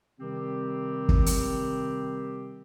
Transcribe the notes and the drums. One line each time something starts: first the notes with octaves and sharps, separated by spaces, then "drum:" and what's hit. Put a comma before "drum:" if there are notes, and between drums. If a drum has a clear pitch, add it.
C3 D#3 G3 C4 G4
drum: kick
drum: hi-hat